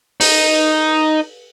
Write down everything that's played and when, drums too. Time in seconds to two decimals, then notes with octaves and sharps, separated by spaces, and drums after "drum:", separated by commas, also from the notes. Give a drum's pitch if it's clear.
0.20 D#4, drum: open hi-hat